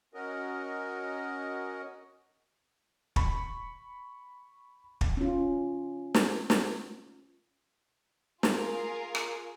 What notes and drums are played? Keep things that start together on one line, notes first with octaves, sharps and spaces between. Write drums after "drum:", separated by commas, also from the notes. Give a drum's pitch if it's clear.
C#4 F#4 A#4 D#5
B5 C#6, drum: kick
drum: kick
C#4 F4
drum: snare
drum: snare
F4 G#4 A#4, drum: snare
drum: rim click